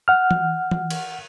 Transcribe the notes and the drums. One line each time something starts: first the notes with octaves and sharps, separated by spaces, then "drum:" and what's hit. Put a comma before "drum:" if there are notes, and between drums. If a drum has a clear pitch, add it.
F#5 F6
drum: tom E3
drum: tom E3
drum: cymbal